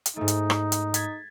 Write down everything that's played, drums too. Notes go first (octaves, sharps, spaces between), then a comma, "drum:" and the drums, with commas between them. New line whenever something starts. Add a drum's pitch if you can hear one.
drum: hi-hat
G#2 A3 D#4
drum: hi-hat
drum: rim click
drum: hi-hat
G#6 A6 B6, drum: hi-hat